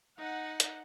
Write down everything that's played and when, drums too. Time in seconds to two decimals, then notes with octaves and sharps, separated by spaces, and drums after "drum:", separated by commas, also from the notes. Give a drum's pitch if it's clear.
0.19 D#4 F#5
0.60 drum: hi-hat